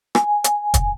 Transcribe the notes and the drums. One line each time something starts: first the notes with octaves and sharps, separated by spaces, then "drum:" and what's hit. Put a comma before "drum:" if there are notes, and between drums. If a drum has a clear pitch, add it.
G#5, drum: rim click
drum: hi-hat
drum: kick, hi-hat